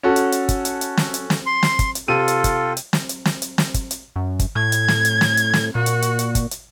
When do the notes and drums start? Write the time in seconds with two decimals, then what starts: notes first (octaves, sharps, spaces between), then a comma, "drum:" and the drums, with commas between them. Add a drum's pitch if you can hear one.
0.03 C#4 F#4 A4
0.16 drum: hi-hat
0.32 drum: hi-hat
0.49 drum: kick, hi-hat
0.65 drum: hi-hat
0.81 drum: hi-hat
0.97 drum: snare
1.14 drum: hi-hat
1.30 drum: snare
1.46 C6
1.63 drum: snare
1.79 drum: kick, hi-hat
1.95 drum: hi-hat
2.08 C3 F4 A4 D#7
2.28 drum: hi-hat
2.44 drum: kick, hi-hat
2.77 drum: hi-hat
2.93 drum: snare
3.09 drum: hi-hat
3.25 drum: snare
3.42 drum: hi-hat
3.58 drum: snare
3.74 drum: kick, hi-hat
3.91 drum: hi-hat
4.16 F#2
4.39 drum: kick, hi-hat
4.56 A2 G#6
4.72 drum: hi-hat
4.88 drum: snare
5.05 drum: hi-hat
5.21 drum: snare
5.37 drum: hi-hat
5.54 drum: snare
5.75 A#2 F#4
5.86 drum: hi-hat
6.02 drum: hi-hat
6.19 drum: hi-hat
6.35 drum: kick, hi-hat
6.51 drum: hi-hat